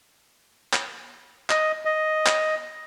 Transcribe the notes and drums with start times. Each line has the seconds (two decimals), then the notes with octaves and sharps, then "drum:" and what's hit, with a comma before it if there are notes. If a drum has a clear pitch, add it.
0.73 drum: clap
1.50 D#5, drum: clap
1.85 D#5
2.26 drum: clap